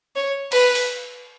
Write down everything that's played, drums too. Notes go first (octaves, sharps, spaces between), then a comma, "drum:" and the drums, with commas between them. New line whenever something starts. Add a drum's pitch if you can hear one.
C#5
B4, drum: cymbal
drum: open hi-hat